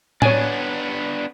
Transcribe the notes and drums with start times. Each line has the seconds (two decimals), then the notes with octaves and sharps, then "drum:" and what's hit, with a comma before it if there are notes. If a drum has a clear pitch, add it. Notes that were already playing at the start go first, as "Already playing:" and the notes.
0.22 B3 D4 C#5 G#5, drum: tom A2